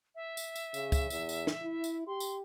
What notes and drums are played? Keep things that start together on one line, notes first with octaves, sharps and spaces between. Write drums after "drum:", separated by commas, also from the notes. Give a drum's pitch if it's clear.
E5
drum: tambourine
drum: tambourine
C#3, drum: tambourine
drum: kick C#2, tambourine
E2, drum: tambourine
drum: tambourine
drum: snare
E4
drum: tambourine
G4 C6
drum: tambourine